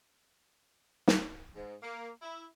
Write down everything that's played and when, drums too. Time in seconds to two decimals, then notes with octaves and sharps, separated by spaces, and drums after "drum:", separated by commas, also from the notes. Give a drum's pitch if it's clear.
1.08 drum: snare
1.56 G#2
1.82 A#3
2.22 E4